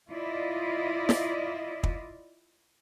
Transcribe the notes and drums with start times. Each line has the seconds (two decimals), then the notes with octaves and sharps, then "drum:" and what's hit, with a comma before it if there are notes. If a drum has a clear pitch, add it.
0.10 E4 F4 D5 D#5
1.09 drum: snare
1.83 drum: kick